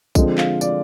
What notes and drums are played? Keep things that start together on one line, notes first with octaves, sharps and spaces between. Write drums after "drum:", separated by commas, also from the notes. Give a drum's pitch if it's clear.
D3 F3 G#3 C4 D#5, drum: kick B1, tambourine
F5, drum: clap
D5, drum: tambourine